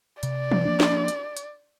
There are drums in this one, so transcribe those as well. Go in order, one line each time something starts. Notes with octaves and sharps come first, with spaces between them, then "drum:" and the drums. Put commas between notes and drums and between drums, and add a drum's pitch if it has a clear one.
C3 D5, drum: hi-hat
drum: tom E3
F3 A#3 D4
drum: snare
drum: hi-hat
drum: hi-hat